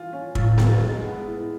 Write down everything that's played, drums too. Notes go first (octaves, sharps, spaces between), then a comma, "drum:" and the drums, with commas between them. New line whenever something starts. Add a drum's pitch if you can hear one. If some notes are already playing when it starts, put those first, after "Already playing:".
Already playing: E3 F4
C#4
A2 F4, drum: kick
F4, drum: snare B3
G#3
B3
E4